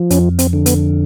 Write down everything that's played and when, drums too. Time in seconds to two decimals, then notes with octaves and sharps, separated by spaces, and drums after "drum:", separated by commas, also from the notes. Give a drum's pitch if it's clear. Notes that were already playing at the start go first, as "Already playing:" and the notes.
Already playing: F3
0.10 F2 C#4, drum: hi-hat
0.39 C4, drum: hi-hat
0.53 D3
0.66 B3, drum: hi-hat